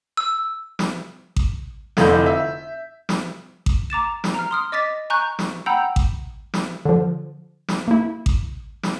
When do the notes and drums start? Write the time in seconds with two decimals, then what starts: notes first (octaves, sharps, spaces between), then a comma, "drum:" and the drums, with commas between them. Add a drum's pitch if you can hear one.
0.17 E6
0.79 drum: snare
1.36 drum: kick A1
1.97 F1 F2 D3 E4 F5 G6, drum: snare
2.26 E5
3.09 drum: snare
3.66 drum: kick A1
3.90 A#5 D6 A6 E7
4.24 drum: snare
4.34 A#5 F6
4.51 C6 D#6 F6
4.72 D#5 D6 A6 B6
5.10 G#5 A#5 C#6 F#6 G6
5.39 drum: snare
5.66 F#5 G5 A#5 B5 E6 G6
5.96 drum: kick A1
6.54 drum: snare
6.85 D3 F3
7.68 drum: snare
7.88 A#3 E4
8.26 drum: kick A1
8.83 drum: snare